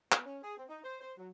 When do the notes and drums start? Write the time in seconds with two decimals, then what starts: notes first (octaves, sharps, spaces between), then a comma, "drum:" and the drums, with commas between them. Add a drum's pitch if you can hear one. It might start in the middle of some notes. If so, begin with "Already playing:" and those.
0.12 B3, drum: clap
0.25 C#4
0.42 G#4
0.57 C4
0.68 D#4
0.84 C5
1.00 C5
1.17 F#3